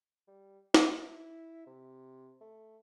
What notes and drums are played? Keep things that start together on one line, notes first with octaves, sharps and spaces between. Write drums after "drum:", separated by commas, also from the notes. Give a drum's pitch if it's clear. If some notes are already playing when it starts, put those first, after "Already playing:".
G3
E4, drum: snare
C3
A3